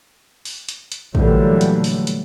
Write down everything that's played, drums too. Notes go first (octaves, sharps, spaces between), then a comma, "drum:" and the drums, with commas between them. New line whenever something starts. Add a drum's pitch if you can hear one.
drum: open hi-hat
drum: hi-hat
drum: hi-hat
A#2 D3 E3 F#3 G3 A3, drum: kick
drum: hi-hat
drum: open hi-hat
drum: hi-hat